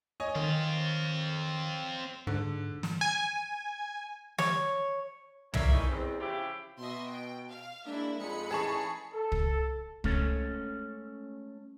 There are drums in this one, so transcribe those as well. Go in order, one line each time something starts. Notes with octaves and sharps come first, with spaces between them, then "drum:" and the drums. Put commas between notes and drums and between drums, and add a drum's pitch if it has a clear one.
C#5 D#5 G#5
D#3 C4 F4
G#2 D3
drum: snare
G#5
C#5, drum: snare
F#3 A#3 A#4 C#5 D5 E5, drum: tom
D#3 E3 A3 C#4 D#4
E2 C4
C#3 F3 E4 G4
B2 D#5 E5 C6
G5
F5
G#3 A#3 D4 E4 E5
F2 G#3 D#4 B5 C#7
A1 G#4 A5 C#6
A4
drum: kick
G#3 A3 C#4 A4 C#5, drum: kick